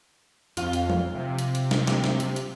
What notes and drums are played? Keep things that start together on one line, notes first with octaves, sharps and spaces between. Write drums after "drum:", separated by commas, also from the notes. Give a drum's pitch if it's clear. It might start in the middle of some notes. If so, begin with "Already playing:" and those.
F2 F4, drum: hi-hat
drum: hi-hat
drum: tom F3
C3
drum: hi-hat
drum: hi-hat
drum: snare
drum: snare
drum: snare
drum: hi-hat
drum: hi-hat